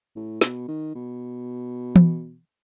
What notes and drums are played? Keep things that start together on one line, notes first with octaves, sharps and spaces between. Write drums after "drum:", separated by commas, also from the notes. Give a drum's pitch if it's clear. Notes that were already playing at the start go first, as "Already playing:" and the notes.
A2
B2, drum: snare
D#3
B2
drum: tom E3